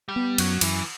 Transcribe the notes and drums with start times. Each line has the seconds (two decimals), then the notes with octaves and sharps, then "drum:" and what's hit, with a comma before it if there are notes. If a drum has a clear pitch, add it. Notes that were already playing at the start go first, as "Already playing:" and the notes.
0.09 G3
0.16 B3
0.38 F#2 F#3, drum: cymbal
0.61 F#2 E3, drum: cymbal